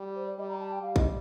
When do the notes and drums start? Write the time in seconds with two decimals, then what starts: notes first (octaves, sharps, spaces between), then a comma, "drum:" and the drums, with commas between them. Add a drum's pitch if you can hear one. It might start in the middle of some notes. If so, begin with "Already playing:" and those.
Already playing: G3
0.16 C5
0.26 D5
0.38 G3 D#5
0.48 A#5
0.59 A5
0.71 G5
0.82 G3 F5
0.96 D#5, drum: kick A#1